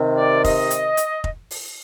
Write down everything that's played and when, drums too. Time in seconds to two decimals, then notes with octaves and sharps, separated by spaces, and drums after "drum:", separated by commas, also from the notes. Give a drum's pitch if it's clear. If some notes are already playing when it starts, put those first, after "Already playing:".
Already playing: C3 D#3
0.17 D5
0.44 D#5, drum: kick F1, open hi-hat
0.71 drum: hi-hat
0.97 drum: hi-hat
1.24 drum: kick F1
1.51 drum: open hi-hat